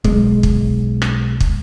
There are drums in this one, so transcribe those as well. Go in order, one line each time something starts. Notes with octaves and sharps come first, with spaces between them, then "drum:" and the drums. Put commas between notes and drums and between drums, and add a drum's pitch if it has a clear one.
B1 G#3, drum: kick
drum: kick
drum: rim click
drum: kick